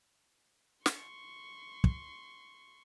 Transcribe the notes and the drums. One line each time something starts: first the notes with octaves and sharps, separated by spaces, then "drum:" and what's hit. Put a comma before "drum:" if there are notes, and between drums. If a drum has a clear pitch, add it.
C6 C#6, drum: snare
drum: kick